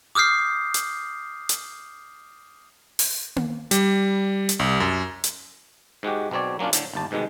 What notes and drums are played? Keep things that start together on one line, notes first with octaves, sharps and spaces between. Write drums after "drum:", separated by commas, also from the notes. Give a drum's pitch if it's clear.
D6 D#6 F6 G6 C7
drum: hi-hat
drum: hi-hat
drum: open hi-hat
drum: tom A#3
G3, drum: hi-hat
drum: hi-hat
C2
F#2
drum: hi-hat
G#2 G#3 F#4 G4
B1 B2 C4 C#5 D5
F#3 A#3 C#4 D4 F4
A2 D3, drum: hi-hat
G1 D#2 A5
C2 G#2 B2 D#3 G#3